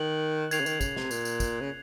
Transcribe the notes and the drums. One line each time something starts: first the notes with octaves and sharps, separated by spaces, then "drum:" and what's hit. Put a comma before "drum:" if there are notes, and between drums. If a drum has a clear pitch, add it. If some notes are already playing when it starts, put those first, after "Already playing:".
Already playing: D#3 F#6 C#7 F#7
D#3 G#6 C7 F7, drum: tambourine
C#3
D#3, drum: tambourine
C#3, drum: kick, tambourine
C3, drum: snare
A#2, drum: tambourine
drum: tambourine
drum: kick, tambourine
C#3